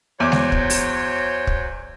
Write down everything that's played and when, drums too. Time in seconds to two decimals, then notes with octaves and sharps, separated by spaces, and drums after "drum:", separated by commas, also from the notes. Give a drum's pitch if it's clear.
0.20 E2 F#3 C5 C#5 D6
0.32 drum: snare G#3
0.52 drum: kick
0.70 drum: open hi-hat
1.47 drum: kick